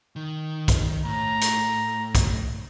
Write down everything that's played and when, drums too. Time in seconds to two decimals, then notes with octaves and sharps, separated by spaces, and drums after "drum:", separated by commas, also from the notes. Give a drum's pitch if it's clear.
0.16 D#3
0.68 drum: kick, hi-hat
1.05 A2 A#5
1.41 drum: hi-hat
2.15 drum: kick, hi-hat